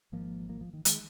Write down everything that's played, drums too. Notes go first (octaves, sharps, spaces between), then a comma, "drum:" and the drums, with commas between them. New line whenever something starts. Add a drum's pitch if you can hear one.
G#1 G#2 F3 A#3
F3 A#3
F3
D#3
D#3 G#3, drum: hi-hat